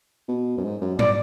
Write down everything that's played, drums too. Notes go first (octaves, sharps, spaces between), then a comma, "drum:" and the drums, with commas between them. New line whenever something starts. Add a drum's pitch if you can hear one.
B2
F#2
G#2
F#2
D5, drum: tom G#2